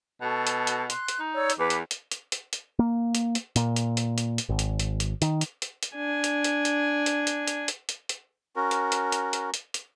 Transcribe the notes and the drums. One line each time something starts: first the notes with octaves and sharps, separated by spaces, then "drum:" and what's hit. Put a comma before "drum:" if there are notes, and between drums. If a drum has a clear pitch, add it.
B2 F#4 A4 A5
drum: hi-hat
drum: hi-hat
C6 F#6, drum: hi-hat
drum: hi-hat
D#4
C#5 D5 E6
drum: hi-hat
E2 B4 D6
drum: hi-hat
drum: hi-hat
drum: hi-hat
drum: hi-hat
drum: hi-hat
A#3
drum: hi-hat
drum: hi-hat
A#2, drum: hi-hat
drum: hi-hat
drum: hi-hat
drum: hi-hat
drum: hi-hat
G#1
drum: hi-hat
drum: hi-hat
drum: hi-hat
D#3, drum: hi-hat
drum: hi-hat
drum: hi-hat
drum: hi-hat
D4 G#5
drum: hi-hat
drum: hi-hat
drum: hi-hat
drum: hi-hat
drum: hi-hat
drum: hi-hat
drum: hi-hat
drum: hi-hat
drum: hi-hat
C#4 F#4 A#4
drum: hi-hat
drum: hi-hat
drum: hi-hat
drum: hi-hat
drum: hi-hat
drum: hi-hat